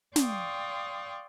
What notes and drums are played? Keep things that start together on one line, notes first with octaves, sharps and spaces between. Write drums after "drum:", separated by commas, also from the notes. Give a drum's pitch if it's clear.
D5 F5 G5 C6 C#6 D#6, drum: snare